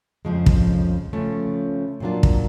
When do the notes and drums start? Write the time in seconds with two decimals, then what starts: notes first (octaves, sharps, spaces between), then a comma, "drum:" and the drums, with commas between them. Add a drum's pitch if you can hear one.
0.25 F2 C#3 F3 G#3
0.46 drum: kick
1.13 C#3 F3 A3 C#4
2.00 A#2 F#3 A#3 D4 F4
2.23 drum: kick